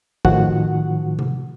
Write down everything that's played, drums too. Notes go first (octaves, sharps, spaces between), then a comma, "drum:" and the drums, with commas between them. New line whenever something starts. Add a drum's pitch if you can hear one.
A2 D#3 F3 F#4 F#5, drum: kick
drum: tom C3